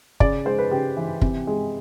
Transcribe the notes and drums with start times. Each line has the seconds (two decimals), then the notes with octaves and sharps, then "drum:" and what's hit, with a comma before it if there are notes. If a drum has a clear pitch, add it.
0.20 C#3 D5, drum: kick
0.45 G#3 C5
0.58 B4
0.71 C#3 G4
0.97 E3
1.22 C3, drum: kick
1.47 G#3